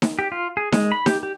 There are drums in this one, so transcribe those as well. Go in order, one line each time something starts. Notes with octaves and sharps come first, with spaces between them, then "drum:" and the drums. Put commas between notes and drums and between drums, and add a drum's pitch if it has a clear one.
drum: snare D#4
G4
F4
G#4
G#3, drum: snare D#4
B5
G4, drum: snare D#4
G4